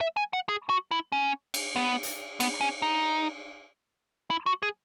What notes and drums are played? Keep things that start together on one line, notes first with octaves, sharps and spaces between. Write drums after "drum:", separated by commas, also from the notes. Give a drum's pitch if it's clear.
E5
G#5
F#5
G#4
F#4
E4
C#4
drum: cymbal
B3
drum: hi-hat
B3, drum: cymbal
C#4
D#4
E4
F#4
G#4